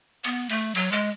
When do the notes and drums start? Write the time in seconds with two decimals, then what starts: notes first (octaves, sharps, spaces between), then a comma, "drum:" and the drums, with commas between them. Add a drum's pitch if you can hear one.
0.24 B3, drum: cymbal
0.50 A3, drum: cymbal
0.75 F#3, drum: cymbal
0.92 G#3